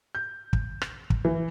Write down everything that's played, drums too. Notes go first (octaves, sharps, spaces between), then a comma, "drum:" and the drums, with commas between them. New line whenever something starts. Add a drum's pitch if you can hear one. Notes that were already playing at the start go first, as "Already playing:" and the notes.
G6
drum: kick
drum: rim click
drum: kick
E3